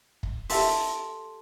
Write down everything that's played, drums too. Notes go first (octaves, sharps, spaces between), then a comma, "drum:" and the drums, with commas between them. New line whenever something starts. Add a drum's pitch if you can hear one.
drum: kick
G4 A4 E5 C6, drum: open hi-hat